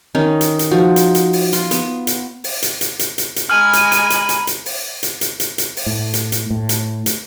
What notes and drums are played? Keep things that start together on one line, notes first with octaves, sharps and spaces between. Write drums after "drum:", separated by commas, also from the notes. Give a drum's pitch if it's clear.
D#3 C#4 D#4
drum: hi-hat
drum: hi-hat
F3 D#4 F#4
drum: hi-hat
drum: hi-hat
drum: open hi-hat
F4 C6, drum: hi-hat
B3, drum: hi-hat
drum: hi-hat
drum: open hi-hat
drum: hi-hat
drum: hi-hat
drum: hi-hat
drum: hi-hat
drum: hi-hat
G#3 G#5 A#5 B5 F6
drum: hi-hat
drum: hi-hat
drum: hi-hat
drum: hi-hat
drum: hi-hat
drum: open hi-hat
drum: hi-hat
drum: hi-hat
drum: hi-hat
drum: hi-hat
drum: open hi-hat
A2
drum: hi-hat
drum: hi-hat
A2
drum: hi-hat
drum: hi-hat